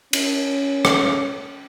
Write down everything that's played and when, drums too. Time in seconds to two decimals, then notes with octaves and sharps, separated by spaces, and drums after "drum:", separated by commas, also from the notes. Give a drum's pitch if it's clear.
0.13 C#4, drum: cymbal
0.85 drum: rim click